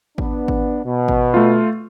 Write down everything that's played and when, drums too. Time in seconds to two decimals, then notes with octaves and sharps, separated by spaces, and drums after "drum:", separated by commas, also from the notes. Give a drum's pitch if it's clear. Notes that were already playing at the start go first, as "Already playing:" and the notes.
0.18 B3 D4, drum: kick G#1
0.48 drum: kick G#1
0.84 B2
1.08 drum: kick G#1
1.34 A3 F4